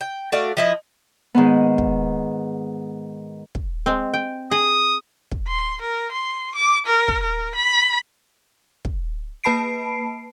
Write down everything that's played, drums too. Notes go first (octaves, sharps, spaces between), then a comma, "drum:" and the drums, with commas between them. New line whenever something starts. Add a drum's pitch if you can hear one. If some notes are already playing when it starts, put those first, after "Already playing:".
G5
A3 F#4 D5 F5
F3 E4 D#5
G#2 D#3 B3
drum: kick
drum: kick
G#3 C4
G5
G#4 D#6
drum: kick
C6
A#4
C6
D6
A#4
drum: kick
A#4
B5
drum: kick
A#3 B4 A5 B5 C7 D7